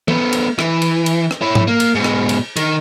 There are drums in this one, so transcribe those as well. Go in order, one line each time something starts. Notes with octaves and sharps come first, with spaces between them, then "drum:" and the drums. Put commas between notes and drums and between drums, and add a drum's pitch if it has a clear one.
A3 B3, drum: tom
drum: cymbal
E3, drum: rim click
drum: cymbal
drum: cymbal
drum: rim click
E4 C#5
drum: tom G#2
A#3
drum: cymbal
G#2 B2
drum: rim click
drum: cymbal
D#3, drum: cymbal